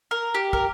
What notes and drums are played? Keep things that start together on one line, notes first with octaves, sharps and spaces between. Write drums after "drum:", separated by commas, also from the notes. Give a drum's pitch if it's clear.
A#4
G4
A#4, drum: kick